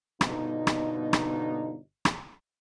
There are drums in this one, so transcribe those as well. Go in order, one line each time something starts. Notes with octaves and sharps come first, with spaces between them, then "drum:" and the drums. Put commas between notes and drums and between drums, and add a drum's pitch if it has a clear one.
G1 B2 D3 A#3 D#4, drum: rim click
drum: rim click
drum: rim click
drum: rim click